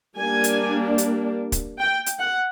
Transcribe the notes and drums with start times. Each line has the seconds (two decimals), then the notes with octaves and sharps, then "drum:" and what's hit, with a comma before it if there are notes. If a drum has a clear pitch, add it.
0.16 G3 A#3 D4 G#5
0.44 drum: hi-hat
0.98 drum: hi-hat
1.52 drum: kick, hi-hat
1.79 G5
2.06 drum: hi-hat
2.20 F#5